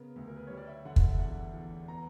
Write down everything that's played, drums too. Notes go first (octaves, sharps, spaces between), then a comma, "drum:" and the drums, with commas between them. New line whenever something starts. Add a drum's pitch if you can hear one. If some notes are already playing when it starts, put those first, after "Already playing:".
Already playing: C#3 B3 A#4
D2
A#4
B4
G3 C#5
D5
E5
D3 F#5
drum: kick
E5
E2 F#5
E2
B3 A#5